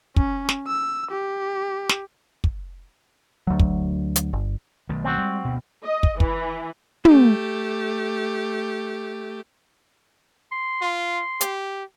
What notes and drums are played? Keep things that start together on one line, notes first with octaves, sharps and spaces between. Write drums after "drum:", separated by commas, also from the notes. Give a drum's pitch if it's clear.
C#4, drum: kick
drum: snare
E6
G4
drum: snare
drum: kick
D2 F#3
drum: kick
drum: hi-hat
G1
B1 D#3 A3
C4 F#4
G3 G#3
D2 B2
D#5
drum: kick
E3, drum: kick
A3 G4, drum: tom
C6
F4
G4, drum: hi-hat